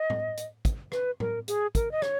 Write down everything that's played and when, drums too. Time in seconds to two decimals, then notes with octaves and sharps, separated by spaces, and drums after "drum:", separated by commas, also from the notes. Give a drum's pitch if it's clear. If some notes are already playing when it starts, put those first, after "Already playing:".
Already playing: D#5
0.10 drum: tom
0.37 drum: hi-hat
0.65 drum: kick, hi-hat
0.92 B4, drum: rim click
1.20 A#4, drum: tom
1.48 G#4, drum: hi-hat
1.75 A#4, drum: kick, hi-hat
1.91 D#5
2.02 C#5, drum: rim click